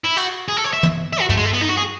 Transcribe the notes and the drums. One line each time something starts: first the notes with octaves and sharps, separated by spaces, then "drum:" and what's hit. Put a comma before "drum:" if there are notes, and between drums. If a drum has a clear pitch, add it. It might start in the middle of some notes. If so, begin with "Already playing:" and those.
E4
F#4, drum: cymbal
G#4
A4
C#5
E5
drum: tom
E5
F#4
A3, drum: tom
G#3
A3
B3
D#4
F#4
G#4